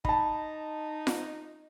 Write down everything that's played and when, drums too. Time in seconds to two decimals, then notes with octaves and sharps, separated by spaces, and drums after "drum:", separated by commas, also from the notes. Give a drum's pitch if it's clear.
0.05 D#4 A5 B5, drum: kick
1.07 drum: snare F4